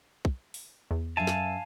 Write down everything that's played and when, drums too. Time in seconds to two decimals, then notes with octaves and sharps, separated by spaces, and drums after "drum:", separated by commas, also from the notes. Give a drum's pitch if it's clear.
0.25 drum: kick
0.54 drum: open hi-hat
0.91 E2
1.17 F#2 E5 F5 G#5 A5
1.27 drum: snare